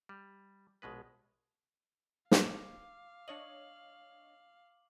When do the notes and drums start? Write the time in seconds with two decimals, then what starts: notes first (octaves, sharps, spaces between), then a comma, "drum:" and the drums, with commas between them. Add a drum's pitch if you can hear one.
0.09 G3
0.82 A#1 B2 G#3 B4
2.31 F5 D6, drum: snare
3.28 D4 C#5 D#5 F#7